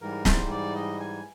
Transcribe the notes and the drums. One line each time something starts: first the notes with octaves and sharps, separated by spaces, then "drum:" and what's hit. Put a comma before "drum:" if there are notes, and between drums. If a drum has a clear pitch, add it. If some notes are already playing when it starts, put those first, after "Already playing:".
G#2 E3 G3 A#4
C5, drum: snare
D5
D#5
G#5